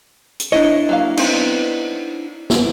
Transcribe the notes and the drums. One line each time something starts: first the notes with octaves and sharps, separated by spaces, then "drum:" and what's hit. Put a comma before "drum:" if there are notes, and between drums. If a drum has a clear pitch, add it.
drum: hi-hat
D4 E4 C#5 D#5
F#3 A#3 F5
B3 C4 D#4, drum: cymbal
drum: snare